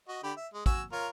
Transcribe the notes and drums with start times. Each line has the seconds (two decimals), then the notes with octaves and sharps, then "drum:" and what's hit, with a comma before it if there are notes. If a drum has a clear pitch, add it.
0.08 F#4 D#5
0.23 D3 G4 B5
0.37 E5
0.54 G#3
0.66 F#4 G#5 E6, drum: kick, hi-hat
0.92 F4 A#4 C#5